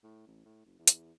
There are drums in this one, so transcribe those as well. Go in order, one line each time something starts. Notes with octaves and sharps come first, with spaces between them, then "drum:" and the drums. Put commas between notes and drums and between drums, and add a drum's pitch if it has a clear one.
A2
A1
A2
F#1
E2
drum: hi-hat